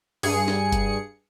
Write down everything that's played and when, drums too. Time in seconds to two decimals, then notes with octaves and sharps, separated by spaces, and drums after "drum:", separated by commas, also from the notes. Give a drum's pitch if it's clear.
0.23 G2 G#4 C#7, drum: open hi-hat
0.48 drum: snare
0.72 drum: kick F#1, hi-hat